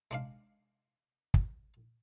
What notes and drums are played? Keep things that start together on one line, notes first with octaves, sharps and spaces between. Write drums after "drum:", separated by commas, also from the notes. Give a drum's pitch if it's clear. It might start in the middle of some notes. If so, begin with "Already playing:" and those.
G#3 D4 F5
drum: kick